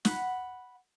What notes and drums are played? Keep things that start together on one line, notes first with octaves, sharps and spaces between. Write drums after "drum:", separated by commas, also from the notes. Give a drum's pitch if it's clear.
F#5 B5, drum: snare